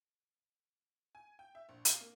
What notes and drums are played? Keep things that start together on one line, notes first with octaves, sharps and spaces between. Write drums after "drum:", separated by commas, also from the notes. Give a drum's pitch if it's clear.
G#5
G5
E5
A#1
F5, drum: hi-hat
A#3